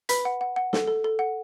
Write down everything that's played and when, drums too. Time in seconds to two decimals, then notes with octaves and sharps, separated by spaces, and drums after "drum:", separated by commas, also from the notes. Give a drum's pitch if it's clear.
0.09 B4 B5 B6, drum: hi-hat
0.25 F#5
0.41 F#5
0.56 F#5
0.73 A4, drum: snare
0.88 A4
1.04 A4
1.19 F#5